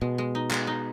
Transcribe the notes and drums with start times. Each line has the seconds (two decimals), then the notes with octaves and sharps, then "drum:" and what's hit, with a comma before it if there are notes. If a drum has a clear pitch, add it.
0.01 B2 G#3
0.18 G#3
0.35 D#4
0.51 G#3, drum: clap
0.67 D#4